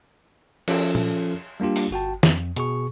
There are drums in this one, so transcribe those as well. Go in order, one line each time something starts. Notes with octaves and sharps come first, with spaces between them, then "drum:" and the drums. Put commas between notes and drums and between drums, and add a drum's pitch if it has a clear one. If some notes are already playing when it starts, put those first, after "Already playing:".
F3 C#4 F4 A4, drum: cymbal
drum: tom A#2
G3 A#3 D4 F4 G4
drum: open hi-hat
G1 F#4 G5 A5
F2, drum: snare
B2 G#4 C#6, drum: hi-hat